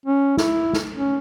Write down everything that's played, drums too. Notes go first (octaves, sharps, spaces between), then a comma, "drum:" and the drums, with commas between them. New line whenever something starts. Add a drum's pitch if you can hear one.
C#4
E4, drum: snare
drum: snare
C#4